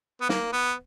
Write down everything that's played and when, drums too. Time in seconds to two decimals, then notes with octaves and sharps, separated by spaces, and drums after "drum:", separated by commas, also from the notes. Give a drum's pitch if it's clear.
0.21 B3
0.29 A#3, drum: snare
0.52 B3